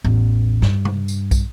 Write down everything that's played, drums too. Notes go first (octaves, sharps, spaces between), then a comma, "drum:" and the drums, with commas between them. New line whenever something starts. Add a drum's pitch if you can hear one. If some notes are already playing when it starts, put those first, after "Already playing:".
A1 E2
G2, drum: snare
drum: tom
drum: tambourine
drum: kick, tambourine